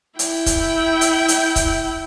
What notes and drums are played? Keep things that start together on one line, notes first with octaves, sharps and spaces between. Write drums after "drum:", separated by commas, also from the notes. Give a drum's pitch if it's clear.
E4 G5, drum: hi-hat
drum: kick C#1, hi-hat
drum: hi-hat
drum: hi-hat
drum: kick C#1, hi-hat